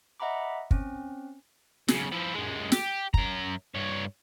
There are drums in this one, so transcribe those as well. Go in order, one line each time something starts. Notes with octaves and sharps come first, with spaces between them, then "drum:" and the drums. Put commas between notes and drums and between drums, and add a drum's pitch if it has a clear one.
D#5 E5 F#5 A#5 B5 D6
C4 C#4, drum: kick
B1 C#3, drum: snare
F3 E4
F#2 G#3
G4, drum: snare
F#2 A#5, drum: kick
G2 C#5